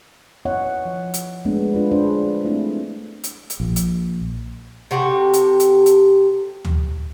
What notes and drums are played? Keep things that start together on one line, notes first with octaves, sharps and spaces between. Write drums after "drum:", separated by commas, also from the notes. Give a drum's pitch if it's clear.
B3 E4 C#5 D#5 E5 F#5
F3
drum: hi-hat
G#3 A3 B3 D4
D4 F4 B4
D4 G#4 B4 C5
A3 C4 D4 E4
drum: hi-hat
drum: hi-hat
A#1
drum: hi-hat
C3 F#4 G4 A4
drum: hi-hat
drum: hi-hat
drum: hi-hat
drum: tom D2